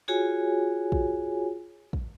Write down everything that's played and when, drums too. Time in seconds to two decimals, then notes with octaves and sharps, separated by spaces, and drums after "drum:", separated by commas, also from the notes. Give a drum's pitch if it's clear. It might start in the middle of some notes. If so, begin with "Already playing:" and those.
0.08 F4 F#4 G#4 C#5 G#5
0.92 drum: kick
1.93 drum: kick